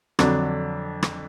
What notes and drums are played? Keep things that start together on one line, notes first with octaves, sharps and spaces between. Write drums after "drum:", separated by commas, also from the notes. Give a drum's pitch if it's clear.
F2 D3 F#3 D4, drum: rim click
drum: rim click